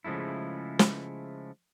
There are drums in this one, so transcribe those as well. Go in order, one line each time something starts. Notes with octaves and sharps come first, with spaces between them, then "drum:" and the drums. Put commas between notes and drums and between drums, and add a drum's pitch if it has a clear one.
C#3 F3 G#3 A3 E4
drum: snare